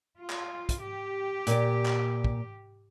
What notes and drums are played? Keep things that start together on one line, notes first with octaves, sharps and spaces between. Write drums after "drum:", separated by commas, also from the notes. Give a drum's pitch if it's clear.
F4
drum: clap
drum: kick, hi-hat
G4
A#2 D5, drum: hi-hat
drum: clap
drum: kick